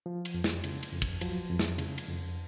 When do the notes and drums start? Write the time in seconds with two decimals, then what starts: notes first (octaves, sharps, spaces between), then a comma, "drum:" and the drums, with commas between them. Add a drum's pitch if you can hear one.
0.06 F3
0.25 drum: cymbal
0.34 F2
0.44 drum: snare
0.64 C#3, drum: cymbal
0.83 drum: cymbal
0.92 F2
1.02 drum: kick, cymbal
1.21 F3 F#3, drum: cymbal
1.50 F2
1.59 drum: snare
1.78 C#3, drum: cymbal
1.98 drum: cymbal
2.08 F2